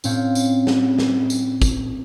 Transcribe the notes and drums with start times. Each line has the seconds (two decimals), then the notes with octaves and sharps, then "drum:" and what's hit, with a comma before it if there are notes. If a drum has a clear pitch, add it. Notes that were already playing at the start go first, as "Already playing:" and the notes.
0.04 A2 C4 C#4 F5 G6, drum: tambourine
0.35 drum: tambourine
0.67 drum: snare
0.98 drum: snare
1.30 drum: tambourine
1.62 drum: kick G#1, tambourine